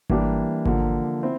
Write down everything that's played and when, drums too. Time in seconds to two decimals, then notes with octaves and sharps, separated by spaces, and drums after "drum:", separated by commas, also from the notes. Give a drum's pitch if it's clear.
0.10 E3 G3 A#3 D4 G4, drum: kick G#1
0.65 D3 F3 A#3, drum: kick G#1
1.23 C4 E4